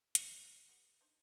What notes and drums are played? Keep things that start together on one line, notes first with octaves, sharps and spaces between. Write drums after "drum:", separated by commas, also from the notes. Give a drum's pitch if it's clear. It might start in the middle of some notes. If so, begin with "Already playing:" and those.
F#3 F4 F#4, drum: hi-hat
C#4
G3 B3
D4 D#4 C5